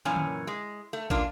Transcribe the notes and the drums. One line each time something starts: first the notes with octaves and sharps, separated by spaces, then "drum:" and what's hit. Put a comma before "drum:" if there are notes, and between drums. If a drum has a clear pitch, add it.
F#2 A#2 E3 C#4 G#5
drum: tom D3
G#3
A3
F#2 A#3 D4 F4, drum: kick